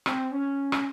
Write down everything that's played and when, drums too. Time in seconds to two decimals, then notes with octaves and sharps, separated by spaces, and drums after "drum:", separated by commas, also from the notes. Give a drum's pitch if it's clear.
0.06 C4, drum: rim click
0.31 C#4
0.72 drum: rim click